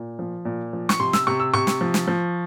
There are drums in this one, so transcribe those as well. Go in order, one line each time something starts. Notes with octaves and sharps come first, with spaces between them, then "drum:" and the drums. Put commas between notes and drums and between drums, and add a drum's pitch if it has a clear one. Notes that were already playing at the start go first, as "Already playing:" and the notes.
Already playing: A#2
F3
A#2
F3
C#6, drum: snare
C3 C6
E6, drum: snare
C3 C#6
E6
C3 C#6
drum: snare
F3
drum: snare
F3